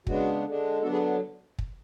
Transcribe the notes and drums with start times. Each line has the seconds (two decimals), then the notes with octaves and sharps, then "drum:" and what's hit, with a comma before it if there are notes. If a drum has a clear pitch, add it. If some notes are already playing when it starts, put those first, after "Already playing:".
0.07 C#3 G#3 B3 D4 F#4, drum: kick
0.45 D3 G#3 D4
0.82 D3 F#3 B3 D4 F#4 A4
0.92 G#4 B4
1.59 drum: kick